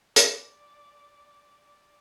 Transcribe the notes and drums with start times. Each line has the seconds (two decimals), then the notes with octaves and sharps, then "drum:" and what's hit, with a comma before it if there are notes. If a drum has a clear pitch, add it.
0.16 D5, drum: hi-hat
1.66 D5